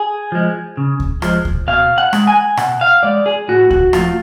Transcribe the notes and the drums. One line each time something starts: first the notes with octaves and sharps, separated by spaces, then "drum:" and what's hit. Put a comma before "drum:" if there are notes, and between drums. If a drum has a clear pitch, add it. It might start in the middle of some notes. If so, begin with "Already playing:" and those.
Already playing: G#4
F3 G#3
C#3
drum: kick D2
F3 G#3, drum: rim click
drum: kick D2
B2 F5
F#5
G#3, drum: rim click
G#5
B2 F#5, drum: rim click
F5
G#3 D5
G#4
A2 F#4
F#4, drum: kick D2
F3 A3 F4, drum: rim click